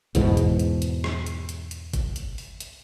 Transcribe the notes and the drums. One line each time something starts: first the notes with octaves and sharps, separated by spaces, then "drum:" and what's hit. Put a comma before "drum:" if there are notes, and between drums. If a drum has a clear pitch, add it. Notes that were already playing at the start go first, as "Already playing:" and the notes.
E2 G#2 B2, drum: kick G1, hi-hat
drum: hi-hat
drum: hi-hat
drum: hi-hat
drum: rim click
drum: hi-hat
drum: hi-hat
drum: hi-hat
drum: kick G1, hi-hat
drum: hi-hat
drum: open hi-hat
drum: hi-hat